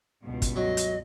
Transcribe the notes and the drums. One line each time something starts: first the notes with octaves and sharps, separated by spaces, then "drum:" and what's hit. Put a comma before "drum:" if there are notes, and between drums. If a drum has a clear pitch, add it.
C#2 G2 B2
drum: kick, hi-hat
F#3 D#5
drum: hi-hat